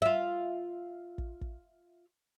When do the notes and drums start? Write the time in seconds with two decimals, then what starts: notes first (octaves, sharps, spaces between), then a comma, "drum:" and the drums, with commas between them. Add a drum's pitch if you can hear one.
0.02 F4 E5
1.18 drum: kick
1.41 drum: kick